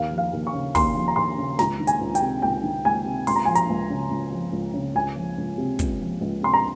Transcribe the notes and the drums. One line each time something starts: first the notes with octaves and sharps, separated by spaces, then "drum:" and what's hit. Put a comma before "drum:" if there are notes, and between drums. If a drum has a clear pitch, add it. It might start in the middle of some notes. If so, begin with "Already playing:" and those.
Already playing: D#2 F5
F3
F5
D#2
C#6
C#3
D#2 C6, drum: kick, open hi-hat
F3
A#5
D#2 C6
C#3
C#2 A#5, drum: snare
D#3
G#5, drum: hi-hat
C#2
G5, drum: hi-hat
C3
C#2 G5
D#3
C#2 G#5
C3
C#2 C6, drum: open hi-hat
A#5
F3 G#5
A#5, drum: hi-hat
C#2
C#3
C#2
F3
C#2
C#3
C#2 G#5
F3
C#2
C3
C#2, drum: kick, hi-hat
F3
C#2
C3 C6
A#5